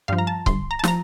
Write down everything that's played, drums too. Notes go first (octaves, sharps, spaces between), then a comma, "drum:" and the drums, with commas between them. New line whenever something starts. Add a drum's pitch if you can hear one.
G2 F3 F5
A#5
A5
G1 C6, drum: kick C#1
A#5
A5
F3 A#5, drum: snare